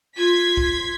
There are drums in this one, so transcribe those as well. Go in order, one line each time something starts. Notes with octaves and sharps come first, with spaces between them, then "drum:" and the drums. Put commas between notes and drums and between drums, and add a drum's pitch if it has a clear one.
F4 C6 G#6 B6
drum: kick